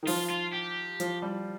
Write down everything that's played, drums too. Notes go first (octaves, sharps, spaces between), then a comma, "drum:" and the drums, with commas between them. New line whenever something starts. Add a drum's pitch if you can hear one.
D#3
F3 F4, drum: open hi-hat
F4
G4
F3, drum: hi-hat
G3